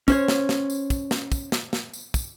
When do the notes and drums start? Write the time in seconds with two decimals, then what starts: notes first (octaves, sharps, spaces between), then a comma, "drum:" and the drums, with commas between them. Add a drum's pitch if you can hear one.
0.08 C#4 C5 C#5, drum: kick, tambourine
0.28 drum: snare
0.49 drum: snare
0.70 drum: tambourine
0.90 drum: kick, tambourine
1.11 drum: snare
1.32 drum: kick, tambourine
1.52 drum: snare
1.73 drum: snare
1.93 drum: tambourine
2.14 drum: kick, tambourine